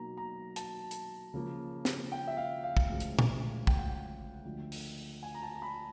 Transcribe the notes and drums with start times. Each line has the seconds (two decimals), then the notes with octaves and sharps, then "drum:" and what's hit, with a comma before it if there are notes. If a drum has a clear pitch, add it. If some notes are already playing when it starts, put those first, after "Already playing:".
Already playing: B2 F#3 A#3 D#4 A#5
0.17 A#5
0.56 A5, drum: hi-hat
0.91 drum: hi-hat
1.34 C#3 F3 A#3
1.85 drum: snare
2.12 G5
2.27 E5
2.37 F5
2.64 F5
2.77 drum: kick
2.89 D2 C#3 F3 G#3
3.00 drum: hi-hat
3.19 drum: tom
3.67 G5, drum: kick
3.77 F#5
3.88 G5
4.45 D2 D3 F3
4.72 drum: open hi-hat
5.23 G#5
5.35 A#5
5.43 A5
5.55 A#5
5.62 B5